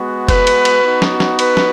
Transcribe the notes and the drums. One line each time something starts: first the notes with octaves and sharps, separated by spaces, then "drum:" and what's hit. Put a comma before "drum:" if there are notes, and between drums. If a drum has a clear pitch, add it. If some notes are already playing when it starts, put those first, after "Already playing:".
Already playing: G#3 B3 F#4
B4, drum: kick F#1, cymbal
drum: cymbal
drum: cymbal
B3 D#4 F#4
drum: snare
drum: snare
B4, drum: cymbal
drum: snare